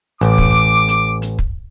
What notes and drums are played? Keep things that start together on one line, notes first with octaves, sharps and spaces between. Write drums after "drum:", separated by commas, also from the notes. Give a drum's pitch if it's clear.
A1 D6, drum: hi-hat
drum: kick
drum: hi-hat
drum: hi-hat
drum: kick